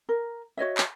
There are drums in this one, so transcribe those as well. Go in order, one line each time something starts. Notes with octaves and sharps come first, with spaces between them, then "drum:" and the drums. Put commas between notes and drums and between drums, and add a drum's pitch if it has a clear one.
A#4
F#4 C#5 D#5 E5
drum: clap